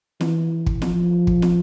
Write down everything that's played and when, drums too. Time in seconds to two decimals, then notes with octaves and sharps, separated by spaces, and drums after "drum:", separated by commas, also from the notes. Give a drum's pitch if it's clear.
0.21 E3, drum: snare
0.66 drum: kick
0.82 F3, drum: snare
1.27 drum: kick
1.42 drum: snare